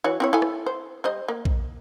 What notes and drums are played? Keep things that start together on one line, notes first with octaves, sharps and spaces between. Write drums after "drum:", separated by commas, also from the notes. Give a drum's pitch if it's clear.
E3 F#4 C#5
C4 E4 C#5
E4 A4 G#5
drum: rim click
C5
G3 C5 D#5
A#3
drum: kick A#1